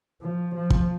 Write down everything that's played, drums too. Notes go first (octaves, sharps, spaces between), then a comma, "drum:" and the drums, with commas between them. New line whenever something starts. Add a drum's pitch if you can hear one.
F3
F3
drum: kick